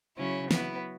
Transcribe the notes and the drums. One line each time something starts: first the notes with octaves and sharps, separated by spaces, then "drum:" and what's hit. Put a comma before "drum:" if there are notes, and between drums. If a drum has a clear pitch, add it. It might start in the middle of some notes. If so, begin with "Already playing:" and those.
C#3 F#3 C#4 E4
F#3 B3 E4, drum: snare